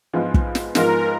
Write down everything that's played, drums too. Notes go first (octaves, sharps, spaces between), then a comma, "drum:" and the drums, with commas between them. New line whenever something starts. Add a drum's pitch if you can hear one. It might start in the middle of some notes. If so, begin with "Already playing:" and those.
G#2 F3 G#3 B3 F4
drum: kick
drum: snare
G#2 F3 G#3 B3 F4 A#4, drum: snare